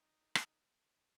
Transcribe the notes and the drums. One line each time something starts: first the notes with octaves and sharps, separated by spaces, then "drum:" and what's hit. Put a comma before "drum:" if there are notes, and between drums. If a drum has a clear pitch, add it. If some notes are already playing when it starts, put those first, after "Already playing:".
Already playing: D#4
drum: rim click